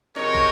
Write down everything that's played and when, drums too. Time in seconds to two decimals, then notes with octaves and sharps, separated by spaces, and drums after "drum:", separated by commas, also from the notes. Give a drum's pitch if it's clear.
0.16 C3 F3 G#3 D#4 A#4 C#5, drum: snare
0.35 drum: kick